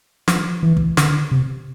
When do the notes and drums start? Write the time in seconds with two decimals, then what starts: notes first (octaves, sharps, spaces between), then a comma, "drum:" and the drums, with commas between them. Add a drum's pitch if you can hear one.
0.28 F3, drum: snare
0.63 E3
0.77 drum: kick
0.97 D3, drum: snare
1.31 C3